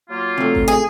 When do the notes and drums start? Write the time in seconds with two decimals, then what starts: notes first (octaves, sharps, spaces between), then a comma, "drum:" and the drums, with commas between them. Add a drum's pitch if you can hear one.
0.10 F#3 A#3 F4
0.38 C3 A3
0.55 drum: kick G#1
0.68 G#4